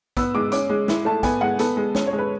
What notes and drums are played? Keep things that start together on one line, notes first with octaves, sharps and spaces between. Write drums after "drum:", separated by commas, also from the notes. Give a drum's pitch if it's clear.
B3 E6, drum: kick, hi-hat
G#3 D6
C#4 D6, drum: hi-hat
G#3
E4, drum: snare
A3 A5
B3 G#5, drum: kick, hi-hat
G#3 F#5
B3 A4, drum: hi-hat
G#3
C#4, drum: snare
C#5
G#3
B4